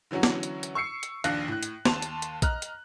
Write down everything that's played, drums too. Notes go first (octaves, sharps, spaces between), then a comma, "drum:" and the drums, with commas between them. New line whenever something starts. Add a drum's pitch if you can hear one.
D3 E3 F#3 C#4 F#4
drum: snare
drum: hi-hat
drum: hi-hat
C#6 E6 C7 C#7
drum: hi-hat
A#1 D#2 D4 F5 F#6 A#6, drum: hi-hat
A2 F#6
drum: hi-hat
D#2 A5 C6 F7, drum: snare
drum: hi-hat
drum: hi-hat
D#5 A#5 F6 F#6, drum: kick A#1, hi-hat
drum: hi-hat